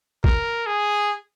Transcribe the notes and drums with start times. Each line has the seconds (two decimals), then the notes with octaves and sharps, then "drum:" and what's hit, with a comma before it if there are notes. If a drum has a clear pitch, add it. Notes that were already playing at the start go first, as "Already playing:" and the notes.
0.24 A#4, drum: kick A#1
0.66 G#4